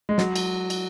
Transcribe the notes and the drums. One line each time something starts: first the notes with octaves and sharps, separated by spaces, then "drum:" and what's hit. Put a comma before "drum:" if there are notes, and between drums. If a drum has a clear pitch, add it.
G#3
F#3, drum: snare
drum: cymbal
drum: cymbal